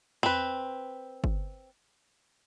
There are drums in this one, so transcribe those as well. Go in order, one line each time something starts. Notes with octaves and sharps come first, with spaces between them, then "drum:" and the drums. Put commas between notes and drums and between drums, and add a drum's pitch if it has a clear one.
C4 B4, drum: tom E2
drum: kick G1